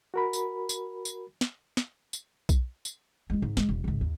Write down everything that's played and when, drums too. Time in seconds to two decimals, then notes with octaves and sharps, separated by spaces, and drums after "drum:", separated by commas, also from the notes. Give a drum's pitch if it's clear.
0.14 F#4 A#4 B5
0.33 drum: tambourine
0.69 drum: tambourine
1.05 drum: tambourine
1.41 drum: snare
1.77 drum: snare
2.13 drum: tambourine
2.49 drum: kick B1, tambourine
2.85 drum: tambourine
3.30 G#3 F4
3.42 G#2
3.57 G#3, drum: snare
3.69 E1
3.84 G#1 C#2
4.01 D#2